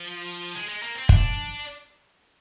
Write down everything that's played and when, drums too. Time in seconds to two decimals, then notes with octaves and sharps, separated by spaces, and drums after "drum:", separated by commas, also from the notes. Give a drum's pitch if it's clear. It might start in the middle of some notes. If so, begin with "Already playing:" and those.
Already playing: F3
0.55 G#3
0.69 G#3
0.83 A#3
0.95 C4
1.09 D4, drum: kick